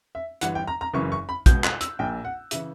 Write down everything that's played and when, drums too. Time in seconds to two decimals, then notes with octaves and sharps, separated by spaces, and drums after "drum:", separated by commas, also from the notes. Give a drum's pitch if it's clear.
0.15 E5
0.41 G1 G2 E3 F#5, drum: hi-hat
0.55 G5
0.67 A#5
0.81 A#5
0.94 F#1 F#2 C#3 E3 C#6
1.12 C#6
1.29 B5
1.46 C#2 B2 G6, drum: kick A#1, hi-hat
1.64 F#6, drum: clap
1.81 E6, drum: hi-hat
1.99 A#1 A#2 G5
2.25 F#5
2.51 C#3 E3 E5, drum: hi-hat